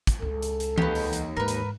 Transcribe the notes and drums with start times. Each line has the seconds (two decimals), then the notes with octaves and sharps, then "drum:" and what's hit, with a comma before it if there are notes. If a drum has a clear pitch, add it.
0.07 drum: kick, hi-hat
0.22 C#2 A4
0.43 drum: hi-hat
0.60 drum: hi-hat
0.78 D#2 B3 G4, drum: tom E3
0.95 drum: open hi-hat
1.13 drum: hi-hat
1.37 G#2 A#4 B4
1.48 drum: hi-hat